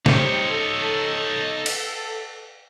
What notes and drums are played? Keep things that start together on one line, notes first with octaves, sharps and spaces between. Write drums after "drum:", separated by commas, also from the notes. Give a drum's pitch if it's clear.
C3 G3 D#4 C5 C#5, drum: snare
A4
drum: cymbal